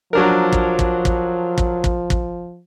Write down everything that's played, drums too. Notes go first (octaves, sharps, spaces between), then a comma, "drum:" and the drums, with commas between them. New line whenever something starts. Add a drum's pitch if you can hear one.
F3 F#3 D4 A#4
drum: kick
drum: kick
drum: kick
drum: kick
drum: kick
drum: kick